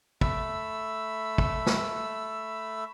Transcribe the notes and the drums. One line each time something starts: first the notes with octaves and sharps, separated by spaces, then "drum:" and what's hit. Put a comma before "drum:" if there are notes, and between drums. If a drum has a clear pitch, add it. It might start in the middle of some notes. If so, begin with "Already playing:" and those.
A3 B5 E6, drum: kick
drum: kick
drum: snare